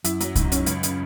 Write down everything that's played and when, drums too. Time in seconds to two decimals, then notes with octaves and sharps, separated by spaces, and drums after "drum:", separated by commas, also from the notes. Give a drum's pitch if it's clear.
0.04 F#2 E4, drum: hi-hat
0.20 F#3, drum: hi-hat
0.35 G#2, drum: kick C2, hi-hat
0.52 C#4, drum: hi-hat
0.66 C#2, drum: hi-hat
0.83 C#3, drum: hi-hat